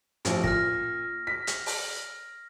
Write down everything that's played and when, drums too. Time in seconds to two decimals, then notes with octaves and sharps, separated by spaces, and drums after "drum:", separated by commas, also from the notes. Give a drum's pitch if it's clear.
0.25 A1 F3, drum: hi-hat
0.44 A#2 F6 A#6, drum: kick
1.27 B6
1.47 drum: hi-hat
1.66 drum: open hi-hat